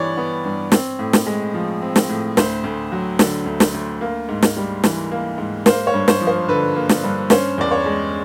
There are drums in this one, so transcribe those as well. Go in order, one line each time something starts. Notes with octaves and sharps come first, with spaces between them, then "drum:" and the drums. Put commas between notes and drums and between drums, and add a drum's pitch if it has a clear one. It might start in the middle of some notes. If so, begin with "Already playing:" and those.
Already playing: G2 E3 G3 B3 C#5 D5
B3
G2
C4, drum: snare
A2
drum: snare
G#3
F3
C4
drum: snare
A2
D2 C5, drum: snare
D2
F#3
D3, drum: snare
D2
drum: snare
D2
A#3
G#2
drum: snare
G3
E3, drum: snare
A#3
G#2
A#3 C5, drum: snare
C#5
G2
C5, drum: snare
F3
C5
D3 B4
A#3
drum: snare
G2
C#4 C5, drum: snare
E2 D5
C#5
G#3